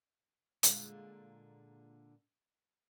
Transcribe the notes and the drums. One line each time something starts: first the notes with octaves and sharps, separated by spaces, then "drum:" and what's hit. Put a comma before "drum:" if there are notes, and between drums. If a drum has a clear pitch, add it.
A#2 D3 G#3, drum: hi-hat